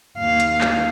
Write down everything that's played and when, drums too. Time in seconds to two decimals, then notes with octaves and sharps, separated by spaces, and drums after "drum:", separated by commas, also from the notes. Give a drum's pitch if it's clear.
0.19 D#2 F5
0.40 drum: hi-hat
0.61 drum: clap